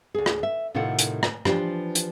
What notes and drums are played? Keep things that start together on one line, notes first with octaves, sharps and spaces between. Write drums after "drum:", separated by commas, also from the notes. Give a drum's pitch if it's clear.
D2 G#4
drum: rim click
E5
A2 C3 D#3 F4 A4 F#5
drum: hi-hat
drum: rim click
E3 F3 D4 G4 C5, drum: rim click
drum: hi-hat